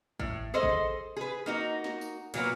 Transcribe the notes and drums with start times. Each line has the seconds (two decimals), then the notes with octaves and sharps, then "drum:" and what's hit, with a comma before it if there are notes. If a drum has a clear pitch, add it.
0.20 A2, drum: kick G#1
0.54 G#4 A4 C5 D#5
0.63 drum: kick G#1
1.16 G#4 B4
1.46 A#3 D#4 F#4
1.84 drum: snare
2.01 drum: tambourine
2.34 A#2 F#3 A#3 B3, drum: cymbal